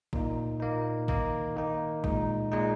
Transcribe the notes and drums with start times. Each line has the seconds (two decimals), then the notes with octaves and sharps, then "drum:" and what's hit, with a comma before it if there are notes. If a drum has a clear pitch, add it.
0.13 A#2 A#3 D#4, drum: kick G#1
0.60 A#2 A#3 D#4
1.08 D#3 A#3 D#4, drum: kick G#1
1.56 D#3 A#3 D#4
2.04 A#2 G#3 D#4, drum: kick G#1
2.51 A#2 G#3 D#4